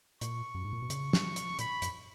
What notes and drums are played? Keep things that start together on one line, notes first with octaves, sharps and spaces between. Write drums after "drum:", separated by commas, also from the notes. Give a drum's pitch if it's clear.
A#2 C#6, drum: hi-hat
F#2
G#2
A#2
B2
C#3, drum: hi-hat
drum: snare
drum: hi-hat
A#2 B5, drum: hi-hat
F#2, drum: hi-hat